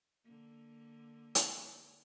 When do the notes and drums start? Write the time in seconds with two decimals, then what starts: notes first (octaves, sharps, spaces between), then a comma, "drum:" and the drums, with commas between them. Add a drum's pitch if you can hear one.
0.25 D3 A#3
1.35 drum: hi-hat